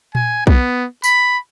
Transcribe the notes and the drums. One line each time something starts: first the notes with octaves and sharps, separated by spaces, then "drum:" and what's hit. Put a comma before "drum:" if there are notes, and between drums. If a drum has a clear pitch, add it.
G#5, drum: tom A#2
B3, drum: kick B1
B5, drum: tambourine